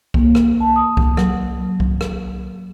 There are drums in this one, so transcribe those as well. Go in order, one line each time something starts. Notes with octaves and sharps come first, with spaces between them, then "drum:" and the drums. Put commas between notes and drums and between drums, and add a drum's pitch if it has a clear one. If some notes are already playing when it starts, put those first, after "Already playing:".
A#3, drum: kick C2
drum: rim click
A5
D#6
drum: kick C2
F#3, drum: rim click
drum: kick C2
drum: rim click